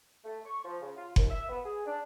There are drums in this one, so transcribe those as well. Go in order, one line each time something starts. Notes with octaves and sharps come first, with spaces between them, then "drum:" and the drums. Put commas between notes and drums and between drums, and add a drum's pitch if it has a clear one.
A3
C#6
F3
C#3
F4
D#2, drum: kick F#1
E5
B3
G#4
D4